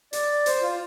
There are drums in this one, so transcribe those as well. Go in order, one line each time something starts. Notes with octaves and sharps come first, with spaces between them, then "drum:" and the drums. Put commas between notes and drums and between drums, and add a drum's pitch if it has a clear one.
D5, drum: hi-hat
C5, drum: hi-hat
F4